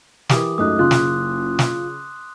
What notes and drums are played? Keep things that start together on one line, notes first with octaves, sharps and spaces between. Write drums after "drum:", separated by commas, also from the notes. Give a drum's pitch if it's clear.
E3 G4 A#4 D6 D#6, drum: snare
C#2 F#2 A3 D#4 D#6 F#6
F#1 C#3 F4 C6 F#6
drum: snare
drum: snare